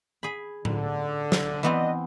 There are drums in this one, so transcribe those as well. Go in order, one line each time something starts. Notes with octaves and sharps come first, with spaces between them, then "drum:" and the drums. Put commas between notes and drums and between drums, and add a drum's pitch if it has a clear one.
G#4 B5
D3, drum: tom A2
drum: snare
E3 B3 C4 D4 B4 D#5